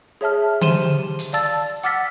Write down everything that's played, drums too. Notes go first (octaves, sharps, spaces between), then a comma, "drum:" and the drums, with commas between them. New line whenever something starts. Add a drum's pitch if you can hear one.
G#4 C#5 E5 A5 F6
G4 C5 C6 D#7 E7 G7, drum: tom D3
drum: hi-hat
D5 F5 A5 E6 A6
F#5 D6 E6 F6 A6 B6